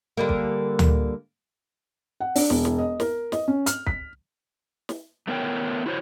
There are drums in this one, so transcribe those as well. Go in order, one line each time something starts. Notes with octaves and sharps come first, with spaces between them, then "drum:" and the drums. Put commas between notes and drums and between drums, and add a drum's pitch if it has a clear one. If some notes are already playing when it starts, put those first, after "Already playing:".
D3 G3 A#3
drum: kick
drum: tom D2
F#5
D4, drum: open hi-hat
E1, drum: snare
drum: snare
D#5
A#4, drum: snare
D#5, drum: snare
C#4
F6, drum: hi-hat
B6, drum: kick
drum: snare
A3 B3 A#4 C#5 G5
E4 F#4 C5 C#5